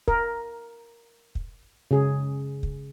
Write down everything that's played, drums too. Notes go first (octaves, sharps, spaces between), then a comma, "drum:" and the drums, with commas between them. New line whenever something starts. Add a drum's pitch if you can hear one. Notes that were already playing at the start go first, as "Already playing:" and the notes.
A#4, drum: kick
drum: kick
C#3 G#4
drum: kick